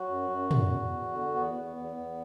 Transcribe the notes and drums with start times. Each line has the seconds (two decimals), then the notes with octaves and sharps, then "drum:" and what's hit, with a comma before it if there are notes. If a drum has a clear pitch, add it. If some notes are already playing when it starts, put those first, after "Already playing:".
Already playing: F#3 F#4
0.08 F#2
0.30 F#2
0.51 E2, drum: tom
0.71 E2
0.92 E2
1.13 D3
1.34 E2 B3
1.55 E2
1.76 E2
1.97 E2